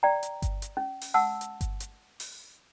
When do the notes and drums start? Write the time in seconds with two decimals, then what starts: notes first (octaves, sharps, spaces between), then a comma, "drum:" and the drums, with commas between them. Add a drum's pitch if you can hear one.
0.03 D5 G5 A#5
0.23 drum: hi-hat
0.42 drum: kick G1, hi-hat
0.62 drum: hi-hat
0.77 C#4
1.01 drum: open hi-hat
1.14 F#5 A5 E6
1.41 drum: hi-hat
1.61 drum: kick G1, hi-hat
1.80 drum: hi-hat
2.20 drum: open hi-hat